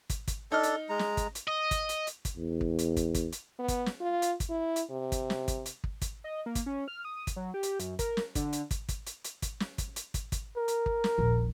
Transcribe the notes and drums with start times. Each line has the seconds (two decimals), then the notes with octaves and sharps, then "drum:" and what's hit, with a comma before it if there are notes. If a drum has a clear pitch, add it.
0.10 drum: kick, hi-hat
0.28 drum: kick, hi-hat
0.52 D4 D#4 A4 F6
0.63 drum: hi-hat
0.89 G#3 A#5
0.99 drum: snare
1.17 drum: kick, hi-hat
1.35 drum: hi-hat
1.48 D#5
1.71 drum: kick, hi-hat
1.89 drum: hi-hat
2.07 drum: hi-hat
2.25 drum: kick, hi-hat
2.37 E2
2.61 drum: kick
2.79 drum: hi-hat
2.97 drum: kick, hi-hat
3.15 drum: kick, hi-hat
3.33 drum: hi-hat
3.59 B3
3.68 drum: kick, hi-hat
3.86 drum: snare
4.01 F4
4.22 drum: hi-hat
4.40 drum: kick, hi-hat
4.50 E4
4.76 drum: hi-hat
4.91 C3
5.12 drum: kick, hi-hat
5.30 drum: snare
5.48 drum: kick, hi-hat
5.66 drum: hi-hat
5.84 drum: kick
6.02 drum: kick, hi-hat
6.24 D#5
6.46 A#3
6.55 drum: kick, hi-hat
6.66 C#4
6.88 F6
7.05 D#6
7.27 drum: kick, hi-hat
7.36 F#3
7.54 G4
7.63 drum: hi-hat
7.80 F#2, drum: hi-hat
7.99 A#4, drum: kick, hi-hat
8.17 drum: snare
8.35 D3, drum: kick, hi-hat
8.53 drum: hi-hat
8.71 drum: kick, hi-hat
8.89 drum: kick, hi-hat
9.07 drum: hi-hat
9.24 drum: hi-hat
9.42 drum: kick, hi-hat
9.60 drum: snare
9.78 drum: kick, hi-hat
9.96 drum: hi-hat
10.14 drum: kick, hi-hat
10.32 drum: kick, hi-hat
10.57 A#4
10.68 drum: hi-hat
10.86 drum: kick
11.04 drum: snare
11.18 D#1 A#1